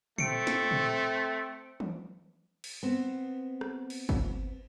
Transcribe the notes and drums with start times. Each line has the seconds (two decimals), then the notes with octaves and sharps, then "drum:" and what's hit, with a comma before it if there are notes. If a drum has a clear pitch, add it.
0.18 A3 C4 C#7 D7, drum: tom A#2
0.47 drum: snare
0.71 drum: tom A#2
1.80 drum: tom E3
2.64 drum: cymbal
2.83 B3 C4
3.61 drum: rim click
3.90 drum: cymbal
4.09 drum: kick